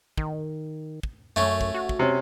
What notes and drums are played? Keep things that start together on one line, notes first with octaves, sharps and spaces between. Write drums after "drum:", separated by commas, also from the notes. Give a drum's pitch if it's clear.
D#3, drum: kick
drum: kick
F#2 A3 C#4
drum: kick
F#4
drum: kick
C3 C#4